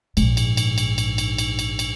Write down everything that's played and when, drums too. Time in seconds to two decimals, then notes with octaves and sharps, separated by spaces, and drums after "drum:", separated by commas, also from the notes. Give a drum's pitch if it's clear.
0.17 A#1 G#2, drum: cymbal
0.37 drum: cymbal
0.57 drum: cymbal
0.78 drum: cymbal
0.98 drum: cymbal
1.18 drum: cymbal
1.38 drum: cymbal
1.59 drum: cymbal
1.79 drum: cymbal